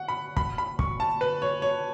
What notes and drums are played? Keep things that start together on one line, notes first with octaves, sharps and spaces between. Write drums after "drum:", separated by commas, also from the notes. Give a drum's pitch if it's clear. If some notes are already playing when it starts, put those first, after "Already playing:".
Already playing: F#5
B5
B5, drum: kick
B5
C#6, drum: kick
A5
B4
C#5
C#5